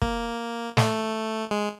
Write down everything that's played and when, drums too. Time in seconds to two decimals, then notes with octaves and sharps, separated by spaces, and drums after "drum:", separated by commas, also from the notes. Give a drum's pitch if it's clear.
0.02 A#3, drum: kick
0.77 A3, drum: snare
1.51 G#3